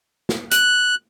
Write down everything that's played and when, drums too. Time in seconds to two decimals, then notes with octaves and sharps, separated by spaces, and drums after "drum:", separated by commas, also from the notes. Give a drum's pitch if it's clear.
0.29 drum: snare
0.51 F#6, drum: hi-hat